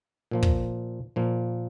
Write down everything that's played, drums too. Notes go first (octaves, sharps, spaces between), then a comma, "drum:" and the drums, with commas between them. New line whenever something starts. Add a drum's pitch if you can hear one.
A#2 F3 A#3
drum: kick
A#2 F3 A#3